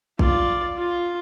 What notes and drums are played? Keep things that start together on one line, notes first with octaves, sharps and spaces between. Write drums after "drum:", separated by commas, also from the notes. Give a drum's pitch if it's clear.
F4 D5, drum: kick A1
F4